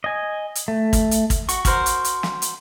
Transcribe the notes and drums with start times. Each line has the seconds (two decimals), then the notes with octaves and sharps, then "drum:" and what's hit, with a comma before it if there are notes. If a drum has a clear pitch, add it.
0.04 D#5 G#5
0.55 drum: hi-hat
0.68 A3
0.93 drum: kick, hi-hat
1.11 drum: hi-hat
1.30 drum: kick, hi-hat
1.49 F#4 C#6, drum: hi-hat
1.65 F#4 A#4 C5, drum: kick, hi-hat
1.86 drum: hi-hat
2.04 drum: hi-hat
2.23 drum: snare
2.42 drum: hi-hat